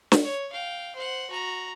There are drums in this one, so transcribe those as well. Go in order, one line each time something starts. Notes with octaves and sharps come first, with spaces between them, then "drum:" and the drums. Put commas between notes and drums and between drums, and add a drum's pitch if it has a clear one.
drum: snare
C#5
F5 G5
C5 F#5
F#4 A#5